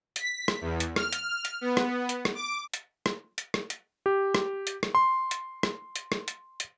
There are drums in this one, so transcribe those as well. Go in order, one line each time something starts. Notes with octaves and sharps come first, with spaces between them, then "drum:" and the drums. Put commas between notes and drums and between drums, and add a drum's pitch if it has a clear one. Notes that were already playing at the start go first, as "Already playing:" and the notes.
B6, drum: hi-hat
drum: rim click
E2
drum: hi-hat
F6, drum: rim click
drum: hi-hat
drum: hi-hat
B3
drum: rim click
drum: hi-hat
drum: rim click
D6
drum: hi-hat
drum: rim click
drum: hi-hat
drum: rim click
drum: hi-hat
G4
drum: rim click
drum: hi-hat
drum: rim click
C6
drum: hi-hat
drum: rim click
drum: hi-hat
drum: rim click
drum: hi-hat
drum: hi-hat